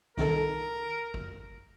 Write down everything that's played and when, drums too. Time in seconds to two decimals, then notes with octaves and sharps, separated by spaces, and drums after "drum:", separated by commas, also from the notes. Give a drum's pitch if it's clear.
0.17 C2 D#3 A4 A#4, drum: snare
1.14 drum: kick